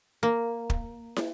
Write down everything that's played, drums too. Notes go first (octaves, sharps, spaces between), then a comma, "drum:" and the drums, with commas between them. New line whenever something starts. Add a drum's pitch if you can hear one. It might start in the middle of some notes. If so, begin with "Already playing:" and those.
A#3
drum: kick
drum: snare